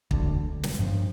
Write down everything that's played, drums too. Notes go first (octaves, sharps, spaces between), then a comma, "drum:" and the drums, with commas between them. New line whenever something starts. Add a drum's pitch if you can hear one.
E1 D2 D3, drum: kick
drum: snare
G1 G2 F3